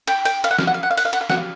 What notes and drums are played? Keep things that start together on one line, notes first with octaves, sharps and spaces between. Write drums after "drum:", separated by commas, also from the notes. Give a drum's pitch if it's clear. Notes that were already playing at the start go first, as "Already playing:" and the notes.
G5, drum: cymbal
G5, drum: cymbal
F5, drum: cymbal
F#5
F5, drum: snare
F#5
F5
F#5
F5
F#5, drum: cymbal
F5
F#5, drum: cymbal
F5
F#5, drum: snare
F5